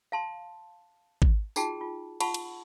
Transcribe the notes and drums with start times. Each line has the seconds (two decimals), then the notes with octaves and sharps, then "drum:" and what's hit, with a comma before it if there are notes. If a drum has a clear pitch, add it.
0.12 F5 A5 C6
1.22 drum: kick G#1
1.56 D#4 F4 F#4 G#4 G5 A5, drum: tambourine
1.81 F4
2.21 F4 F#5 A5 B5 C#6, drum: cymbal
2.34 drum: cymbal